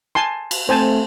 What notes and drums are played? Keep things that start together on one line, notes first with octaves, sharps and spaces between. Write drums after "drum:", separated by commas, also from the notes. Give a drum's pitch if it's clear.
G#5 A5 C6
drum: cymbal
A3 C4 C5 G#5 A5